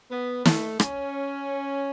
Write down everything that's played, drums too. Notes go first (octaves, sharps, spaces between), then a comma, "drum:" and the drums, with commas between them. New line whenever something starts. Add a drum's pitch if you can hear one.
B3
A3, drum: snare
C#4, drum: rim click